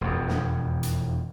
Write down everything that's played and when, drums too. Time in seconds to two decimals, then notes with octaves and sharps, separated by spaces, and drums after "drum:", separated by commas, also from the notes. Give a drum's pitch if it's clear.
0.01 E1 F2
0.28 drum: snare
0.83 drum: hi-hat